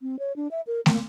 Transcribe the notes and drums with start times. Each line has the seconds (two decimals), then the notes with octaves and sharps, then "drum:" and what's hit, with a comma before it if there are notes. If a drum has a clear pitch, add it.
0.01 C4
0.19 C#5
0.36 D4
0.51 E5
0.67 A#4
0.86 A#3, drum: snare A3